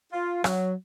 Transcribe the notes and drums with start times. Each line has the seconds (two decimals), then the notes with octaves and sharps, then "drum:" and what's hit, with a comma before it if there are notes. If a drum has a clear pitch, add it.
0.13 F4
0.44 F#3, drum: rim click